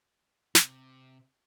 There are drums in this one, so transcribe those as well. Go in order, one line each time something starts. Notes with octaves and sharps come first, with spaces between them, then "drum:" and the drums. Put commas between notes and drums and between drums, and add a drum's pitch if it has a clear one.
C3, drum: snare